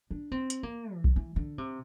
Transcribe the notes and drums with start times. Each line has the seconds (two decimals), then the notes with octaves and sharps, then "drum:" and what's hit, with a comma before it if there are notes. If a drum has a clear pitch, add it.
0.11 D4
0.32 C4
0.50 drum: hi-hat
0.63 A#3
0.94 E3
1.04 drum: kick B1
1.16 E3
1.36 D3
1.58 C3